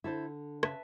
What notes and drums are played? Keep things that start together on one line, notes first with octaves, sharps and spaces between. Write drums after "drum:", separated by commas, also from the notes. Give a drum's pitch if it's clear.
D3 E4 A4 C5
C#3 B4 E5 A5, drum: rim click